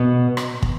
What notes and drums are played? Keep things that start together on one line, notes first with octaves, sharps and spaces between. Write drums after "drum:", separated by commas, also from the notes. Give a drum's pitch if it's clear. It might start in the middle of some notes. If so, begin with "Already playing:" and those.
Already playing: B2 B3
drum: rim click
drum: kick